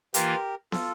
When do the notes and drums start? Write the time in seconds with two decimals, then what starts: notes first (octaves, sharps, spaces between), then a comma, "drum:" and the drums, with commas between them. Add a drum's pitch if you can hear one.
0.14 E3 A#3 F4 G4 A#4, drum: hi-hat
0.72 F4 A4, drum: snare